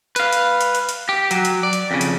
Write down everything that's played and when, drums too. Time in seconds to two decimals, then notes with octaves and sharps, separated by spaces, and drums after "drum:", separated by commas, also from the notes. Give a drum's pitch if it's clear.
0.16 B4 F5, drum: hi-hat
0.33 drum: hi-hat
0.61 drum: hi-hat
0.75 drum: hi-hat
0.89 drum: hi-hat
1.09 G4
1.31 F#3, drum: hi-hat
1.45 drum: hi-hat
1.63 D5
1.73 drum: hi-hat
1.91 F2 C#3
2.01 drum: hi-hat